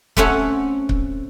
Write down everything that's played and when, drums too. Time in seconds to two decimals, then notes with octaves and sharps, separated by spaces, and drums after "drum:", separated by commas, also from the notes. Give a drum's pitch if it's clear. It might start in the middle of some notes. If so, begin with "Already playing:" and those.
0.17 A3 C4 C#4 A4 C#5 F#5, drum: kick C#1
0.89 drum: kick C#1